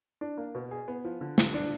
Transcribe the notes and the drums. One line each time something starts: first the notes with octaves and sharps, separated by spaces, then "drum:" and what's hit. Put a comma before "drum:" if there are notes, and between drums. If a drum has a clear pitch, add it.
D4
A#3
B2
G#4
B3
F3
D3
D3, drum: snare
D4